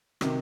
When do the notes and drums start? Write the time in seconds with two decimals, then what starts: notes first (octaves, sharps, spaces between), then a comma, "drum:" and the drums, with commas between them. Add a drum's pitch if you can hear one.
0.21 C3 D#3 F#3, drum: rim click